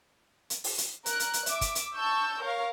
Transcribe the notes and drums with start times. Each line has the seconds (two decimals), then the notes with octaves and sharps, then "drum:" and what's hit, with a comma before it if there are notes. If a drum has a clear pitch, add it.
0.50 drum: hi-hat
0.64 drum: open hi-hat
0.78 drum: hi-hat
1.06 A#4 F#6, drum: hi-hat
1.20 drum: hi-hat
1.33 drum: hi-hat
1.46 E5 D6, drum: hi-hat
1.61 drum: kick, hi-hat
1.75 drum: hi-hat
1.95 A5 C#6 E6 G6
2.40 A#4 C#5 F5